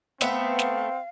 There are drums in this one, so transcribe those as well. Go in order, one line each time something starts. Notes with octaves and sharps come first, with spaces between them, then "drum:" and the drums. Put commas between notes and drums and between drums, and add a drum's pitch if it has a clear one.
A3 B3 C4 E5 F5, drum: snare
drum: snare